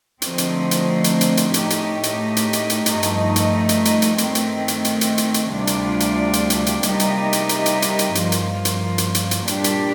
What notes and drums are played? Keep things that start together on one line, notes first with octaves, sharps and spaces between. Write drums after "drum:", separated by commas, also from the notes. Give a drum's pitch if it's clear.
D3 F3 A3 C4 D#4, drum: hi-hat
drum: hi-hat
drum: hi-hat
drum: hi-hat
drum: hi-hat
drum: hi-hat
A2 A3 D#4 G4, drum: hi-hat
drum: hi-hat
drum: hi-hat
drum: hi-hat
drum: hi-hat
drum: hi-hat
G2 F3 A3 D#4, drum: hi-hat
drum: hi-hat
drum: hi-hat
drum: hi-hat
drum: hi-hat
drum: hi-hat
D#3 A3 C4, drum: hi-hat
drum: hi-hat
drum: hi-hat
drum: hi-hat
drum: hi-hat
drum: hi-hat
drum: hi-hat
D2 C3 G3 D4 F4
drum: hi-hat
drum: hi-hat
drum: hi-hat
drum: hi-hat
drum: hi-hat
C3 G3 A#3 D#4 G4, drum: hi-hat
drum: hi-hat
drum: hi-hat
drum: hi-hat
drum: hi-hat
drum: hi-hat
drum: hi-hat
G2 F3 A#3 F4, drum: hi-hat
drum: hi-hat
drum: hi-hat
drum: hi-hat
drum: hi-hat
drum: hi-hat
A#2 G3 D4 G4, drum: hi-hat
drum: hi-hat